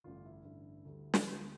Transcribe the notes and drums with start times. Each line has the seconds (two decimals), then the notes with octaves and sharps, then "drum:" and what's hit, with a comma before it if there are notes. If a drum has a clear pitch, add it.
0.04 A1 G2 D3 F4
0.25 E4
0.45 A1 G2 D3
0.85 D2 D3 G3
1.14 drum: snare
1.26 D2 D3 G3